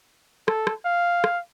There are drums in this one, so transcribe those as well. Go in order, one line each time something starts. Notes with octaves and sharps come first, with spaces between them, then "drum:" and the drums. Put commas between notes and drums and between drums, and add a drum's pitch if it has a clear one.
A4, drum: rim click
drum: rim click
F5
drum: rim click